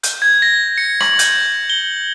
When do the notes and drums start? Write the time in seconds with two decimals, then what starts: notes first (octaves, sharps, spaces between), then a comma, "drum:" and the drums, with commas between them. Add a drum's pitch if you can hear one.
0.03 G6, drum: hi-hat
0.22 G#6
0.42 A#6
0.78 C#7
1.01 F#7, drum: rim click
1.19 G6, drum: hi-hat
1.70 G7